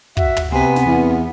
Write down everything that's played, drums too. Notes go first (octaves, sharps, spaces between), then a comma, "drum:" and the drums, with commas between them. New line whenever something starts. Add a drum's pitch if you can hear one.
F#4 E5, drum: kick
drum: tom
C3 B3 C4 B4 G#5
drum: snare
E2